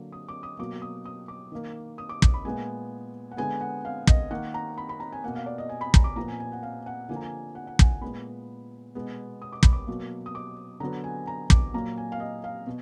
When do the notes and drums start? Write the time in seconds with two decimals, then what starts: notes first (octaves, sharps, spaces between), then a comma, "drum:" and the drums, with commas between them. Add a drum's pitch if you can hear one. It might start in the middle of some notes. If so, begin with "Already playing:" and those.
Already playing: D3 F#3 A#3
0.12 D#6
0.29 D6
0.43 D#6
0.59 B2 F#3 A#3 D6
0.82 D#6
1.05 D#6
1.28 D6
1.52 D#3 A#3
1.98 D#6
2.09 D6
2.22 D6, drum: kick
2.34 B5
2.45 A#2 G#3 B3 G#5
3.32 F#5
3.37 D3 G#3 B3 G#5
3.61 F#5
3.85 F5
4.07 D#5, drum: kick
4.31 D#3 A#3 F#5
4.54 A#5
4.78 B5
4.89 B5
5.00 A#5
5.12 G#5
5.24 B2 A#3 F#5
5.36 F5
5.46 D5
5.58 D#5
5.69 G#5
5.81 B5
5.94 A#5, drum: kick
6.04 D6
6.16 A#2 F3 B3 A#5
6.28 G#5
6.40 G#5
6.52 F#5
6.63 F5
6.86 F#5
7.09 D3 F3 A#3 G#5
7.16 A#5
7.23 G#5
7.55 F#5
7.67 F#5
7.79 G#5, drum: kick
8.02 A#2 G#3 B3 B5
8.95 B2 G#3 B3
9.42 D#6
9.53 D6
9.63 B5, drum: kick
9.73 D6
9.87 B2 F#3 A#3
10.26 D#6
10.35 D6
10.80 D3 F#3 B3 A#5
11.04 G#5
11.27 A#5
11.50 D6, drum: kick
11.74 A#2 F#3 A#3 A#5
11.98 G#5
12.12 F5
12.20 D#5
12.44 F5
12.67 B2